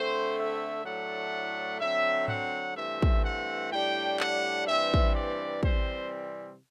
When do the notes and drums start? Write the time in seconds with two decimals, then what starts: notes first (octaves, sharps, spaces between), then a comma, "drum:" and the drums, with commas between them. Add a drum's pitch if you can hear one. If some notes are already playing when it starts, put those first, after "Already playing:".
Already playing: D3 A3 C4 C5
0.37 E5
0.84 A2 F#3 A3 D4 F#5
1.80 D3 F#3 C4 E5
2.28 F#5, drum: tom G#2
2.76 G2 E3 A3 C4 E5
3.02 drum: kick
3.23 F#5
3.71 A2 G3 D4 G5
4.20 F#5, drum: clap
4.67 G2 E3 G3 C4 E5
4.94 drum: kick
5.14 D5
5.63 C3 E3 G3 C4 C5, drum: kick